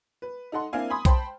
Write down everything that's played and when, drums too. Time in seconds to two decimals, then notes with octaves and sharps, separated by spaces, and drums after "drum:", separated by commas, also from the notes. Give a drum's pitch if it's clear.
0.22 B4
0.52 D#4 A4 F#5 C6
0.73 A#3 C4 D4 E4 F5 G#5
0.90 G#5 B5 C6 D#6
1.05 C5 G5 A5 B5 C6, drum: kick B1, hi-hat